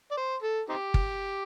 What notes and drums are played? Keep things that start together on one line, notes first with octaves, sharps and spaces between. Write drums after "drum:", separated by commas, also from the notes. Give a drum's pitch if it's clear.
D5
C5
A4
C4 D#4 G4
drum: kick